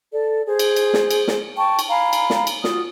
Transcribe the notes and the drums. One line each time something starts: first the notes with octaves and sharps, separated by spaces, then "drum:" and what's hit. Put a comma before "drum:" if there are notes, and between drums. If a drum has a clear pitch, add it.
A4 D5
G#4 C5
drum: cymbal
drum: cymbal
drum: snare
drum: cymbal
drum: snare
G5 A5 C#6
drum: cymbal
F5 G#5 A#5 B5
drum: cymbal
drum: snare
drum: cymbal
F4 F#4 D#6, drum: snare